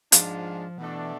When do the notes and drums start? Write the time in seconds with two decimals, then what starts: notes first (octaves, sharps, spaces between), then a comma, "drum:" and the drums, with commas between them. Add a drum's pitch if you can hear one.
0.12 G#2 F3 G#3 D4 F4, drum: hi-hat
0.78 B2 E3 A3 D4